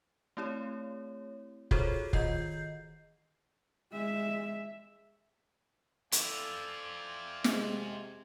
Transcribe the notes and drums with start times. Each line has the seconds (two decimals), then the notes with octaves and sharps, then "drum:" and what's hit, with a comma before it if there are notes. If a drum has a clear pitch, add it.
0.37 A3 C4 E4 G4 C#5
1.71 F4 F#4 G#4 A4 C5 C#5, drum: kick
2.13 D#3 F4 D#5 G6 C7, drum: kick
3.92 G#3 E5
6.12 A3 C4 E4 F4 D5 F5 G#5, drum: hi-hat
7.44 C3 G#3, drum: snare